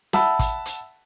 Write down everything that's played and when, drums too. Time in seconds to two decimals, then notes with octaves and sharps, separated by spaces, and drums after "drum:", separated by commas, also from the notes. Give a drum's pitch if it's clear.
0.13 E5 F#5 A5 B5 E6, drum: snare
0.39 drum: kick, hi-hat
0.66 drum: hi-hat